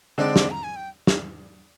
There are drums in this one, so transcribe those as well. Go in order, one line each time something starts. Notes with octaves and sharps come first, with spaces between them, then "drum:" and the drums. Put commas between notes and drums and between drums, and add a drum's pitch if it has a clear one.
D3 G#3 C4 D#4 D5
drum: snare
A#5
G#5
G5
drum: snare